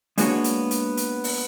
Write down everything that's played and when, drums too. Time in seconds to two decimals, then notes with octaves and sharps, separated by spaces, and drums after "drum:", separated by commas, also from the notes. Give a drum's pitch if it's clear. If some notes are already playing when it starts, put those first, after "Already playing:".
0.18 G#3 A#3 B3 D4 F#4 C#5, drum: hi-hat
0.44 drum: hi-hat
0.71 drum: hi-hat
0.97 drum: hi-hat
1.24 drum: open hi-hat